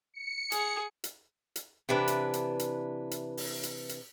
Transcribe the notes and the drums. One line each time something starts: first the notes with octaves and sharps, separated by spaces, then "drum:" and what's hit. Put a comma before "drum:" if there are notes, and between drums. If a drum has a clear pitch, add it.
C#7
G#4, drum: hi-hat
drum: hi-hat
drum: hi-hat
C3 E3 D4 B4
drum: hi-hat
drum: hi-hat
drum: hi-hat
drum: hi-hat
drum: open hi-hat
drum: hi-hat
drum: hi-hat